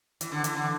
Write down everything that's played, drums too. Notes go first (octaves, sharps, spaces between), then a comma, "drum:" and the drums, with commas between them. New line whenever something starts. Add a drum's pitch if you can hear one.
E3, drum: hi-hat
D3
E3, drum: hi-hat
D3